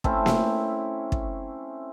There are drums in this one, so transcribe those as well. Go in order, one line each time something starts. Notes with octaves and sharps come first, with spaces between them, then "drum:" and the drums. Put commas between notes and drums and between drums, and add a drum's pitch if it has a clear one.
A3 C4 C#4 E4, drum: kick
drum: snare A#3
drum: kick